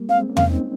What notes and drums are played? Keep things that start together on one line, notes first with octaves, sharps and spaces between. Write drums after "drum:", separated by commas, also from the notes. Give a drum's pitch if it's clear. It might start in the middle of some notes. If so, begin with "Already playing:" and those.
Already playing: G3 A#3
G#3 C4 F5
A#3 C#4
F5, drum: tom E2
C4 D#4